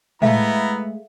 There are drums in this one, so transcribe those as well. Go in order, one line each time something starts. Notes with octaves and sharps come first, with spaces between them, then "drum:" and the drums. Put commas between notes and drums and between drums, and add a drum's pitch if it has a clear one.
G#3 A3 B3 E4 E5 F5 A#5, drum: tom A2